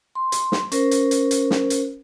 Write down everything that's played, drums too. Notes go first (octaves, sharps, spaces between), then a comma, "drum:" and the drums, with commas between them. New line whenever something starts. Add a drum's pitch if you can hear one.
C6
drum: hi-hat
drum: snare
C#4 A#4 C5, drum: hi-hat
drum: hi-hat
drum: hi-hat
drum: hi-hat
drum: snare
drum: hi-hat